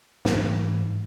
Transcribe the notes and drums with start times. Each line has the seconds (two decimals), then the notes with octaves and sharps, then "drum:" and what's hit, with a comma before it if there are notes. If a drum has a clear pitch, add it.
0.25 G#2 E3 A3, drum: snare